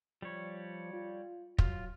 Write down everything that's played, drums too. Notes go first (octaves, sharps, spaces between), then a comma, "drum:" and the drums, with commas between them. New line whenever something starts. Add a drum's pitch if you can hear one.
F3 G3 C#5
F4
F#3 F4, drum: kick